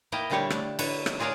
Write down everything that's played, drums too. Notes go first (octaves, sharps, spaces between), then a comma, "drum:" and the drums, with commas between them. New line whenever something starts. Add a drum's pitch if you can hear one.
A#3 E4 A#4 D#5 G5 A5
A#2 D3 G3 G4 C#5 A5
A3 D4, drum: rim click
D3 B4 C#5, drum: cymbal
drum: rim click
F4 G#4 A#4 C#5 D5 F#5